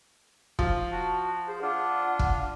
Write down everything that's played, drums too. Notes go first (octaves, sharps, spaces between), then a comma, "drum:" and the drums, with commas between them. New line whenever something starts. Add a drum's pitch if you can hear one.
F3, drum: kick F1
F#4 A5
G#4 C5
D4 F4 F#5
drum: kick F1